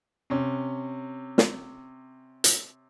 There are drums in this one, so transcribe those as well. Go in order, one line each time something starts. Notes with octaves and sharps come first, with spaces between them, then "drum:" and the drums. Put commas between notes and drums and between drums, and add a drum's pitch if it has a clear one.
C3 C#4
drum: snare
drum: hi-hat